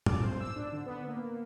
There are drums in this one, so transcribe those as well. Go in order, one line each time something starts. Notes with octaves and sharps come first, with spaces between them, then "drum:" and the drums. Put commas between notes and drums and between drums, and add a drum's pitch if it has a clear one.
D6, drum: tom
C5
E6
D4
D3
B3
A#3